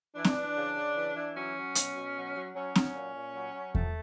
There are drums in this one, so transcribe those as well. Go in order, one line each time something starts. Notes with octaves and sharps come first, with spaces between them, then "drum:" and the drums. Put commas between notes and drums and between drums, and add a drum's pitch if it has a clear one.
E3 D4
drum: snare C4
E3
C#3
C#3
E3
E3
F#3 C#4
F#3
B2, drum: hi-hat
B2
F#3
F#3
F#3 C#4
F#3, drum: snare C4
A#2
A#2
F#3
F#3
F3 A3, drum: kick E2